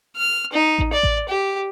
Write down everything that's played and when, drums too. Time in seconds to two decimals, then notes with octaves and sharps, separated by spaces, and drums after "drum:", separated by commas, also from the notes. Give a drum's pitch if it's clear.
0.16 F6
0.53 D#4
0.79 drum: kick A1
0.93 D5
1.03 drum: kick A1
1.28 G4